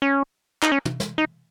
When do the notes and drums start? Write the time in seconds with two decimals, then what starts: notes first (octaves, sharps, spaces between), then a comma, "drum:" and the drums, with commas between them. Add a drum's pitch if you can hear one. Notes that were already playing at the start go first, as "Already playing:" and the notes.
0.02 C#4
0.63 D#4, drum: clap
0.72 C#4
0.85 drum: tom
1.00 drum: snare
1.18 D#4